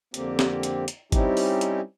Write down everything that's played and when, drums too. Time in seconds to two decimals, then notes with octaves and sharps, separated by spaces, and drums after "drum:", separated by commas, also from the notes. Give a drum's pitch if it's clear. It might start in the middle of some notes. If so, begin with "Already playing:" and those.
0.14 F2 D3 A#3 C4 G4, drum: hi-hat
0.39 drum: snare
0.63 drum: hi-hat
0.88 drum: hi-hat
1.12 G3 C4 C#4 D#4 E4 G4, drum: kick G1, hi-hat
1.37 drum: open hi-hat
1.61 drum: hi-hat